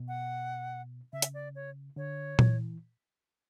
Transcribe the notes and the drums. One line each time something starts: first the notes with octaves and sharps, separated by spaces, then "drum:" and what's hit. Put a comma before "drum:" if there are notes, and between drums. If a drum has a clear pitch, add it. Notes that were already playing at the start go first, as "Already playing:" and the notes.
Already playing: B2
F#5
C#3 E5
drum: hi-hat
D5
C#5
D3 C#5
E3, drum: tom A#2